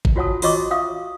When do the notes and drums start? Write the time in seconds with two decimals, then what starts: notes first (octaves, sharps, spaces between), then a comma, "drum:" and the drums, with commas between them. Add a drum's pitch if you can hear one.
0.05 drum: kick G#1
0.16 F4 F#4 C#5 F#5 A5 D#6
0.42 F4 F#4 C#5 D#5 C#6 D6, drum: open hi-hat
0.71 E5 F5 D#6